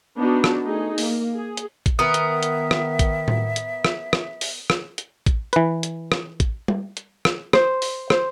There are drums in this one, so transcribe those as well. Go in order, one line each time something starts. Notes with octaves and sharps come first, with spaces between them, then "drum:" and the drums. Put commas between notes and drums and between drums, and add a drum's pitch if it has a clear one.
B3 D4 D#4 F#4
drum: rim click
A3 D#4 G#4
A#3, drum: open hi-hat
G#4
drum: hi-hat
drum: kick A1, hi-hat
D#3 B3 A#4 E5 D#6
drum: hi-hat
drum: hi-hat
drum: rim click
drum: kick A1, hi-hat
drum: tom A2
drum: hi-hat
drum: rim click
drum: rim click
drum: open hi-hat
drum: rim click
drum: hi-hat
drum: kick A1, hi-hat
E3 B4, drum: hi-hat
drum: hi-hat
drum: rim click
drum: kick A1, hi-hat
drum: tom G3
drum: hi-hat
drum: rim click
C5, drum: rim click
drum: open hi-hat
C5, drum: rim click